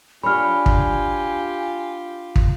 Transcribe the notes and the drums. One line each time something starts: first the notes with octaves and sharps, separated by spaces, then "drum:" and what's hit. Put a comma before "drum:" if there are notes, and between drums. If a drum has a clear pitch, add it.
D4 F4 G4 C#5 G#5 B5 F6
drum: kick
drum: kick